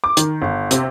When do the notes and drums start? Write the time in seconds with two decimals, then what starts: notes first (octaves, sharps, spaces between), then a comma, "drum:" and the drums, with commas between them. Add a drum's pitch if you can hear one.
0.04 D6
0.17 D#3, drum: hi-hat
0.42 G1
0.71 C3, drum: hi-hat